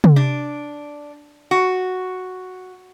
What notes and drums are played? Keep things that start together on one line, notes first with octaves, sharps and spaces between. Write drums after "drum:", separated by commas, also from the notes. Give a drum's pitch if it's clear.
drum: tom
D4
F#4